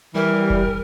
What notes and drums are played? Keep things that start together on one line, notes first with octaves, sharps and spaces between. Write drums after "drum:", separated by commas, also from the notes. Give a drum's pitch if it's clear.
E3 G3 A#4
drum: kick F1